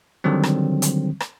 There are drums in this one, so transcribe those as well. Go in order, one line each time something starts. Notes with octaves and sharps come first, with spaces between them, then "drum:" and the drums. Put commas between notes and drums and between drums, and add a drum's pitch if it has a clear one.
D3 D#3 F#3 G3 C4
drum: rim click
drum: hi-hat
drum: rim click